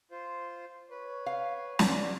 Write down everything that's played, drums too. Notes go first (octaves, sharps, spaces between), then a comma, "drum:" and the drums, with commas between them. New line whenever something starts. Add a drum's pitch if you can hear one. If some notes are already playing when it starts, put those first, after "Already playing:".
F4 C5
B4 C#5
F5
B3 D4 E4 F6, drum: snare